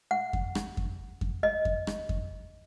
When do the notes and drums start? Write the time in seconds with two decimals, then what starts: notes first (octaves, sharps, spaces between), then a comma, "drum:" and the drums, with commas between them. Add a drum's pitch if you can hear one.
0.11 F#5
0.33 drum: kick F2
0.55 drum: rim click
0.77 drum: kick F2
1.21 drum: kick F2
1.43 D#5
1.65 drum: kick F2
1.87 drum: rim click
2.09 drum: kick F2